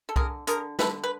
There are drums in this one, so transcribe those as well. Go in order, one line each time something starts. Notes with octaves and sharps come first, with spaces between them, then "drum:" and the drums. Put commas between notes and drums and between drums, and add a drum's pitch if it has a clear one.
A4
D3 G#4 A#4, drum: kick C2
D3 G#4 A#4, drum: hi-hat
D3 A4 B4, drum: snare
B4